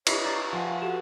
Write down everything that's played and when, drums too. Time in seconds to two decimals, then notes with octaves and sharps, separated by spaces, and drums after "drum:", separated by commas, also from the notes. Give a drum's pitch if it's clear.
0.07 E4 C#5 D#5 D6 D#6, drum: cymbal
0.25 D5 A#5 D6 A6
0.53 F3 E5 F#5 G#5
0.68 F5
0.82 F#4 G4 A4 B4 E7